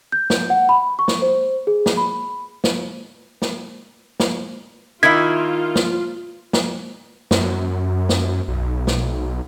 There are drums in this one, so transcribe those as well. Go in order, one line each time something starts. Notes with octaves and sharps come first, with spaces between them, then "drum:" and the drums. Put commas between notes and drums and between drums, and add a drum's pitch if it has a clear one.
G6
drum: snare
F#5
B5
C#6
drum: snare
C5
G#4
drum: snare
B5
drum: snare
drum: snare
drum: snare
D#3 A#3 E4 F4 G#6 B6
drum: snare
drum: snare
F#2, drum: snare
drum: snare
B1
drum: snare